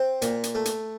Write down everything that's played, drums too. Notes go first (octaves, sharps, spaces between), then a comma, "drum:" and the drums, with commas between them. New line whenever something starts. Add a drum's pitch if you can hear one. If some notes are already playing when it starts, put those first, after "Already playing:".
Already playing: C4
A#2, drum: hi-hat
drum: hi-hat
A3
drum: hi-hat